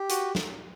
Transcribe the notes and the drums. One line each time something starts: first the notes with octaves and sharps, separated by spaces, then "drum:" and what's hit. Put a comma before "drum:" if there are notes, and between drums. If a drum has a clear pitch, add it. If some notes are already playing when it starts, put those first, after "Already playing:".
Already playing: G4
F#4, drum: hi-hat
drum: snare